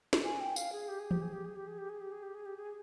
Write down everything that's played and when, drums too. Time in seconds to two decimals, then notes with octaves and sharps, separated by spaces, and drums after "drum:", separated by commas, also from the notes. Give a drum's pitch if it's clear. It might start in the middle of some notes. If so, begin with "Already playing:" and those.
0.13 drum: snare
0.24 G#5
0.40 G5
0.56 F5, drum: tambourine
0.72 G#4
0.88 G4
0.99 G#4
1.11 G4, drum: tom E3
1.22 G#4
1.33 G4
1.45 G#4
1.55 G4
1.67 G#4
1.78 G4
1.89 G#4
2.01 G4
2.12 G#4
2.23 G4
2.34 G#4
2.46 G4
2.56 G#4